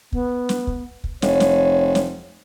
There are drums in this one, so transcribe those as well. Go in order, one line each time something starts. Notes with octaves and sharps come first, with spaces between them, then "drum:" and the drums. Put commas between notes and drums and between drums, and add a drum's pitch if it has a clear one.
B3, drum: kick
drum: snare
drum: kick
drum: kick
F1 C#5, drum: snare
drum: snare
drum: snare